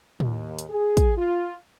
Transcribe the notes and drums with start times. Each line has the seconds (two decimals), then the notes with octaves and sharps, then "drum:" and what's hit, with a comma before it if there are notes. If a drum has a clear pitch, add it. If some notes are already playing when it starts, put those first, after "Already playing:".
0.20 D#2, drum: tom A2
0.59 drum: hi-hat
0.69 G#4
0.97 drum: kick, hi-hat
1.17 F4